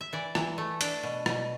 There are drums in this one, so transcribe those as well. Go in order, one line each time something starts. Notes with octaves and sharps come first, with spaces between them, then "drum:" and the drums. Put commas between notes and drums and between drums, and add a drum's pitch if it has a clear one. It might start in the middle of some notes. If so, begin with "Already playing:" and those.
E5
E3 D5
E3, drum: rim click
A3
D4, drum: hi-hat
B2
B2, drum: rim click